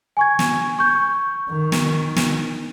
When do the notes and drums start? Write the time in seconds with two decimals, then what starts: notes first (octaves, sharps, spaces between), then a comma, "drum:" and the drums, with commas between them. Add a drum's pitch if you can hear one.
0.17 G#5 C#6 G#6
0.39 drum: snare
0.79 C#6 G6
1.49 D#3
1.72 drum: snare
2.16 drum: snare